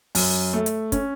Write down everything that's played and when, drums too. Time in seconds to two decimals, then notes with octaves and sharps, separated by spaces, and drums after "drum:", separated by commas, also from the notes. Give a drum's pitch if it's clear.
0.15 F#2, drum: open hi-hat
0.53 A3
0.66 drum: hi-hat
0.92 C#4, drum: kick, hi-hat